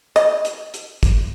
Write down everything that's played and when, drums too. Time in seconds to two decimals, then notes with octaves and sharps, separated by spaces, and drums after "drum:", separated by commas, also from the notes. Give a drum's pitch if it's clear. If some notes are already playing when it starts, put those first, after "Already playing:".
0.16 D#5, drum: hi-hat
0.45 drum: hi-hat
0.74 drum: hi-hat
1.03 drum: kick, hi-hat